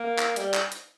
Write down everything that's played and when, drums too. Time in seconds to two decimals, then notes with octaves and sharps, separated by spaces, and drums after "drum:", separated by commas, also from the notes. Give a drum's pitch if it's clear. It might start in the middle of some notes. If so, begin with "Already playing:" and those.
Already playing: A#3
0.19 drum: clap
0.36 G3, drum: hi-hat
0.54 drum: clap
0.72 drum: hi-hat